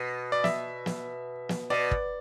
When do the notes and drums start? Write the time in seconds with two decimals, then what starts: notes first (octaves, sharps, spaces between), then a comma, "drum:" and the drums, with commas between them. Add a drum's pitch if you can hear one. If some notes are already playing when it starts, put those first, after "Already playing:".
Already playing: B2
0.32 D5
0.44 E5, drum: snare
0.86 drum: snare
1.49 drum: snare
1.70 B2 D5
1.91 drum: kick